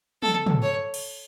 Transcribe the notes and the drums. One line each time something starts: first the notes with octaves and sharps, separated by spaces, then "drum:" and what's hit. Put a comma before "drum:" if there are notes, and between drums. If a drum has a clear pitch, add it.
A4, drum: tom
drum: tom
C#5
drum: cymbal